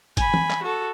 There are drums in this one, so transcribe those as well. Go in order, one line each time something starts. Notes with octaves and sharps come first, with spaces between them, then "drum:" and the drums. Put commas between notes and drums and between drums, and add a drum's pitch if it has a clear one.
G#5 B5, drum: kick, hi-hat
drum: tom E3
drum: clap
F#4 A4